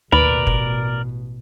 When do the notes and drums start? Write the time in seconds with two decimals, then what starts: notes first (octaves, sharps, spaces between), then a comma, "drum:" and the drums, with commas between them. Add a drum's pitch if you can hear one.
0.12 A1 D#2 B2 A#4 B4 D5
0.47 drum: kick